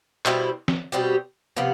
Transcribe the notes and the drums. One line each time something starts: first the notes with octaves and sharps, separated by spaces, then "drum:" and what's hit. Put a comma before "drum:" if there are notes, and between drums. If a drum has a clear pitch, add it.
B2 G3 C4 E4, drum: clap
drum: snare
B2 G3 C4 G4
C3 F3 B3